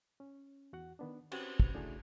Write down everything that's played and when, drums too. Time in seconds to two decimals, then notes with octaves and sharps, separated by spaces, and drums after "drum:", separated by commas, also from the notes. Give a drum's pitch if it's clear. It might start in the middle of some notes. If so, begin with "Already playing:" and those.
0.20 C#4
0.73 E2 F#4 F#5
0.99 D#3 B3 D4
1.32 C4 C#4 F#4 G4 B4 C5, drum: cymbal
1.60 drum: kick
1.74 C#3 A3 D4 E4 F#4 G#4